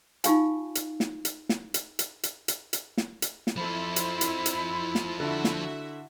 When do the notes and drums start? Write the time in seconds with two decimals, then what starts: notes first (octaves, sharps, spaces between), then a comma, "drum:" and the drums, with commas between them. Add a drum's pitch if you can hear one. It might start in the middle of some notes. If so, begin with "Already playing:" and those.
0.24 D#4 F4 G4 F5 G#5, drum: hi-hat
0.75 drum: hi-hat
1.00 drum: snare
1.25 drum: hi-hat
1.49 drum: snare
1.74 drum: hi-hat
1.99 drum: hi-hat
2.23 drum: hi-hat
2.48 drum: hi-hat
2.73 drum: hi-hat
2.97 drum: snare
3.22 drum: hi-hat
3.47 drum: snare
3.56 F3 E4 A4 C5 B5
3.96 drum: hi-hat
4.21 drum: hi-hat
4.46 drum: hi-hat
4.95 drum: snare
5.20 D3 E4 F#4 E5
5.44 drum: snare